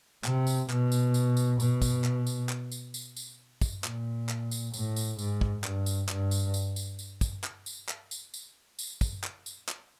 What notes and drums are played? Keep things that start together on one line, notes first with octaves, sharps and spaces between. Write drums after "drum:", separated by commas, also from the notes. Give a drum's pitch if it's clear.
C3, drum: clap
drum: tambourine
B2, drum: clap
drum: tambourine
drum: tambourine
drum: tambourine
B2, drum: tambourine
drum: kick, tambourine
drum: clap
drum: tambourine
drum: clap
drum: tambourine
drum: tambourine
drum: tambourine
drum: kick, tambourine
A#2, drum: clap
drum: clap
drum: tambourine
A2, drum: tambourine
drum: tambourine
G#2, drum: tambourine
drum: kick
G2, drum: clap
drum: tambourine
G2, drum: clap
drum: tambourine
drum: tambourine
drum: tambourine
drum: tambourine
drum: kick, tambourine
drum: clap
drum: tambourine
drum: clap
drum: tambourine
drum: tambourine
drum: tambourine
drum: kick, tambourine
drum: clap
drum: tambourine
drum: clap